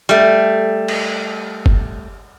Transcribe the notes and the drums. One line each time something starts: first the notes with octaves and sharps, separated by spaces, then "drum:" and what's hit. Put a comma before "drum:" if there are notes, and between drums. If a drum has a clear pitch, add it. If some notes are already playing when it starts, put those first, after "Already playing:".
G3 A3, drum: hi-hat
drum: cymbal
drum: kick